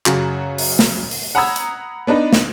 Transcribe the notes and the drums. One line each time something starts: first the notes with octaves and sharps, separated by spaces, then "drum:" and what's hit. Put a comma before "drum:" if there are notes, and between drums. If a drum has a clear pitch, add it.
F#2 C#3 F#4, drum: clap
drum: open hi-hat
drum: snare
drum: open hi-hat
F#5 A#5 B5 D#6 E6 G#6
drum: hi-hat
B3 D4 D#4 B4
drum: snare